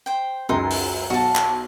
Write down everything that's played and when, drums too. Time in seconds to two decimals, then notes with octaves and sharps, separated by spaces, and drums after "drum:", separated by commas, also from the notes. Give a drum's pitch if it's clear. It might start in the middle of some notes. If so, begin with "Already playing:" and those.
0.06 C5 G5
0.49 C#2 F#2 D#4 C6
0.71 drum: open hi-hat
1.10 B1 F#4 A5
1.35 drum: clap